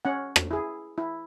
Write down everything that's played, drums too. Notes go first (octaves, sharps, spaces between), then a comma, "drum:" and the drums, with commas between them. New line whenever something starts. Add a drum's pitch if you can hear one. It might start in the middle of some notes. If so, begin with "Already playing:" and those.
C#4 F#5
drum: rim click
E4 G#4
E4